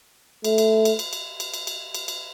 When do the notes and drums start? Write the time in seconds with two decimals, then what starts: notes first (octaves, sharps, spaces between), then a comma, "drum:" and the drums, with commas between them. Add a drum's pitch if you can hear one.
0.44 A3, drum: cymbal
0.58 drum: cymbal
0.85 drum: cymbal
0.99 drum: cymbal
1.13 drum: cymbal
1.40 drum: cymbal
1.54 drum: cymbal
1.67 drum: cymbal
1.94 drum: cymbal
2.08 drum: cymbal